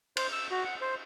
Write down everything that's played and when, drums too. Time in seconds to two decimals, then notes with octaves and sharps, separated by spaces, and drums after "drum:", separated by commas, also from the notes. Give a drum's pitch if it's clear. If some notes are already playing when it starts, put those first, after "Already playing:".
0.17 C5, drum: cymbal
0.32 E6
0.51 F#4
0.64 F#5
0.81 C5